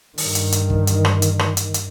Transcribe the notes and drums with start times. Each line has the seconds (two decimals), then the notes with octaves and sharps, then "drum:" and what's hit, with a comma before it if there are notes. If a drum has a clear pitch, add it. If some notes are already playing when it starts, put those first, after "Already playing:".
0.18 G2 D#3, drum: open hi-hat
0.35 drum: hi-hat
0.52 drum: hi-hat
0.70 drum: kick
0.87 drum: hi-hat
1.05 drum: rim click
1.22 drum: hi-hat
1.39 drum: rim click
1.57 drum: hi-hat
1.74 drum: hi-hat